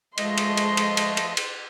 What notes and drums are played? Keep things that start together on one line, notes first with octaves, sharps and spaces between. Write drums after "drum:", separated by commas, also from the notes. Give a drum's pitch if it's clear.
F3 G#3 A3 D#5 C6, drum: cymbal
drum: cymbal
drum: cymbal
drum: cymbal
drum: cymbal
drum: cymbal
drum: cymbal